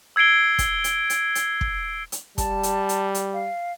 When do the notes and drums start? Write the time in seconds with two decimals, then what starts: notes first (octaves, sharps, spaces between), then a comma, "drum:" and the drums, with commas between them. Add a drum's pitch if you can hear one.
0.16 E6 G#6 C7 D7 G7
0.59 drum: kick, hi-hat
0.84 drum: hi-hat
1.10 drum: hi-hat
1.35 drum: hi-hat
1.61 drum: kick
2.12 drum: hi-hat
2.38 G3 A5, drum: kick, hi-hat
2.63 drum: hi-hat
2.89 drum: hi-hat
3.15 drum: hi-hat
3.34 F5